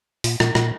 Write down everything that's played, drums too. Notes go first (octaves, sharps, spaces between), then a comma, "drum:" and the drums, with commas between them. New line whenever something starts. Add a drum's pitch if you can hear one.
A#2, drum: open hi-hat
A#2, drum: rim click
A#2, drum: rim click